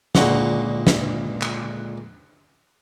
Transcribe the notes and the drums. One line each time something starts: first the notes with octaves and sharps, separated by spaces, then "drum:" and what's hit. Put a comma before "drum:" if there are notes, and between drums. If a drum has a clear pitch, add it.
C#2 A#2 D3 F#4 D#5 F#5, drum: snare
drum: snare
drum: clap